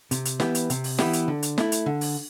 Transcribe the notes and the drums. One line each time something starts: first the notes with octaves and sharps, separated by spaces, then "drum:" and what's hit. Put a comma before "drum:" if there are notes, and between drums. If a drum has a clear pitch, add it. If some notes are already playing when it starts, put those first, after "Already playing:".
C3, drum: hi-hat
drum: hi-hat
E3 B3 E4 G4, drum: snare
drum: hi-hat
C3, drum: hi-hat
drum: open hi-hat
E3 B3 E4 G4, drum: snare
drum: hi-hat
D3
drum: hi-hat
A3 E4, drum: snare
drum: hi-hat
D3
drum: open hi-hat